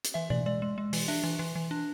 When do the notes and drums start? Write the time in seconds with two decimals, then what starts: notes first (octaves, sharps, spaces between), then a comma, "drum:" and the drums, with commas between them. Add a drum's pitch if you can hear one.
0.04 drum: hi-hat
0.14 E3 E5
0.30 E3 D5, drum: tom B2
0.46 G#3 D5
0.62 G#3
0.78 G#3
0.93 E3, drum: open hi-hat
1.08 D4 E5
1.23 E3
1.39 E3
1.55 E3
1.71 D4